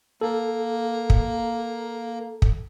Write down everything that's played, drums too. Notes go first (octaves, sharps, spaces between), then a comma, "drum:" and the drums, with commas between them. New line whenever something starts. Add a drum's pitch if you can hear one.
A#3 A4
drum: kick
drum: kick